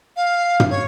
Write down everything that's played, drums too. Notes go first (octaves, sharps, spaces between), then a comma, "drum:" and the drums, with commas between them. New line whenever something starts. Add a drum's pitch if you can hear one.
F5
drum: tom
C#5